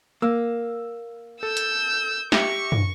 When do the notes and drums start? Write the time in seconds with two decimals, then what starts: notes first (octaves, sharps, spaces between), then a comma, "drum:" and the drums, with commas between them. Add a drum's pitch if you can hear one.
0.22 A#3 E6
1.43 A4 E6 G6
1.57 drum: hi-hat
2.32 G4 E5 C#6 A#6, drum: snare
2.72 drum: tom